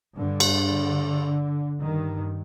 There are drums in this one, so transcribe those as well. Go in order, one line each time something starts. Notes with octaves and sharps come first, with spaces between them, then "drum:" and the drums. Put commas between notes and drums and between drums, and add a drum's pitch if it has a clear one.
G2 D3
drum: cymbal
G2 D#3